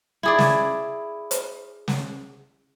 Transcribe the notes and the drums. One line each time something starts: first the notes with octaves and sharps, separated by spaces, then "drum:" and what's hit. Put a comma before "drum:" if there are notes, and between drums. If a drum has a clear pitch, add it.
E4 G#4 D5
drum: snare
drum: hi-hat
drum: snare